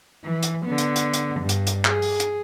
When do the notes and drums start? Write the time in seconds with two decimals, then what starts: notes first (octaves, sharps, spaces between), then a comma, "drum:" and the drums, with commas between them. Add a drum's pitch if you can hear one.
0.25 E3
0.43 drum: hi-hat
0.66 D3 B3
0.78 drum: hi-hat
0.96 drum: hi-hat
1.14 drum: hi-hat
1.40 G2
1.49 drum: hi-hat
1.67 drum: hi-hat
1.85 G#4, drum: clap
2.02 drum: open hi-hat
2.20 drum: hi-hat